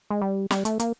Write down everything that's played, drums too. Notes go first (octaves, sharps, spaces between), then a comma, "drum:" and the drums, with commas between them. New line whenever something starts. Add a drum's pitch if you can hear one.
G#3
G3
G3, drum: snare
A3, drum: hi-hat
A#3, drum: hi-hat